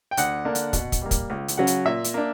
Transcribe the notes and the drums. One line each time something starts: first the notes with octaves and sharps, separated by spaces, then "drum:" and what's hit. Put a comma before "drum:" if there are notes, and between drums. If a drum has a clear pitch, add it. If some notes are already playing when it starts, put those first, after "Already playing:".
G5
D2 F#5, drum: hi-hat
D3 A#3 D4
drum: hi-hat
B2, drum: kick, hi-hat
drum: kick, hi-hat
G3 A#3
drum: kick, hi-hat
C#2
drum: hi-hat
C#3 F#3 C#4 F#5
drum: hi-hat
A#2 E5
drum: hi-hat
A#3 D4